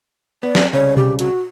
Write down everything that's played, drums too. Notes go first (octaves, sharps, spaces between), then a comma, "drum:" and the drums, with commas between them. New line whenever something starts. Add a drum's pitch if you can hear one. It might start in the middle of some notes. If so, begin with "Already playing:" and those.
B3 D5
drum: snare
C2 C#3 C#5
G4, drum: tom B2
F#4, drum: hi-hat